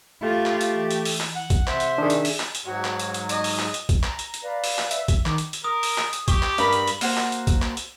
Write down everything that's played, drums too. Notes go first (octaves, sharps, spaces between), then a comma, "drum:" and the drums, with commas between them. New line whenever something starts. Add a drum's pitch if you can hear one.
A3 F4 G4
drum: clap
drum: hi-hat
E3
drum: hi-hat
drum: open hi-hat
drum: clap
F#5
drum: kick A#1, hi-hat
C3 C5 E5, drum: clap
drum: hi-hat
D#3 D4 G#4
drum: hi-hat
drum: open hi-hat
drum: clap
drum: hi-hat
G#2 F#3 F#4
drum: clap
drum: hi-hat
drum: hi-hat
D#5, drum: hi-hat
drum: open hi-hat
drum: clap
drum: hi-hat
drum: kick A#1, hi-hat
A#5, drum: clap
drum: hi-hat
drum: hi-hat
B4 D5 F5
drum: open hi-hat
drum: clap
E5, drum: hi-hat
drum: kick A#1, hi-hat
D#3 D6, drum: clap
drum: hi-hat
drum: hi-hat
A#4 D#6
drum: open hi-hat
drum: clap
drum: hi-hat
G4 C#6, drum: kick A#1, hi-hat
drum: clap
G2 A#4 B5, drum: hi-hat
drum: hi-hat
drum: hi-hat
A#3 F#4 C5, drum: open hi-hat
drum: clap
drum: hi-hat
drum: kick A#1, hi-hat
drum: clap
drum: hi-hat